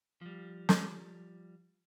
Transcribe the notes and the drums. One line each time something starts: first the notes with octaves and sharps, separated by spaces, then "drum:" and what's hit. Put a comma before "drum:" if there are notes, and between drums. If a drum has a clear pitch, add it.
F3 G3
drum: snare